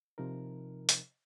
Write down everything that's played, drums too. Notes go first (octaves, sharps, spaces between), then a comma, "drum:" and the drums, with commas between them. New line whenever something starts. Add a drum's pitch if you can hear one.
C3 F3 D#4 A#4
drum: hi-hat